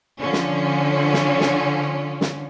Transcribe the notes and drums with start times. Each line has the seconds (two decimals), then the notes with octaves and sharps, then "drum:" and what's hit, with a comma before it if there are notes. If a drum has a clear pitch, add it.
0.19 D3 F3 C#4
0.33 drum: snare
1.13 drum: snare
1.40 drum: snare
2.21 drum: snare